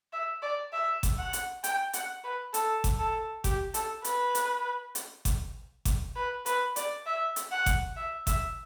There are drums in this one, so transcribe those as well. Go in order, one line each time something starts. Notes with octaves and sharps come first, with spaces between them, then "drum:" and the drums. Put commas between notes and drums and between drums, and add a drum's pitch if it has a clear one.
E5
D5
E5
drum: kick G#1, hi-hat
F#5
drum: hi-hat
G5, drum: hi-hat
F#5, drum: hi-hat
B4
A4, drum: hi-hat
drum: kick G#1, hi-hat
A4
G4, drum: kick G#1, hi-hat
A4, drum: hi-hat
B4, drum: hi-hat
drum: hi-hat
drum: hi-hat
drum: kick G#1, hi-hat
drum: kick G#1, hi-hat
B4
B4, drum: hi-hat
D5, drum: hi-hat
E5
drum: hi-hat
F#5
drum: kick G#1, hi-hat
E5
E5, drum: kick G#1, hi-hat